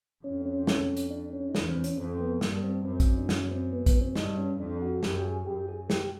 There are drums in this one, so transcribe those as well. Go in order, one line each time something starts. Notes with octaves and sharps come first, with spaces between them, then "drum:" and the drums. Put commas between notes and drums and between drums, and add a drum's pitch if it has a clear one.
F2 C#4
C#4
C#4, drum: snare
drum: hi-hat
D4
C#4
D#4
E2 D4, drum: snare
C4
C#4, drum: hi-hat
F2 C4
B3
G2 A#3, drum: snare
C4
F#2 C4
drum: kick, hi-hat
D4
C#4, drum: snare
C4
B3
B3, drum: kick, hi-hat
C4
G2 D#4, drum: snare
C#4
F2 D4
F#4
F#2 G4, drum: snare
G#4
F#2 G4
G#4
G4, drum: snare